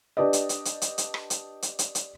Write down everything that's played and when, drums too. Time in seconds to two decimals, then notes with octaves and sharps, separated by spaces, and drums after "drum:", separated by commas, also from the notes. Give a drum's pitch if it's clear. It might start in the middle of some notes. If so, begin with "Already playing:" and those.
0.17 D4 G4 B4 D5 D#5
0.33 drum: hi-hat
0.49 drum: hi-hat
0.65 drum: hi-hat
0.82 drum: hi-hat
0.98 drum: hi-hat
1.14 drum: rim click
1.30 drum: hi-hat
1.62 drum: hi-hat
1.79 drum: hi-hat
1.95 drum: hi-hat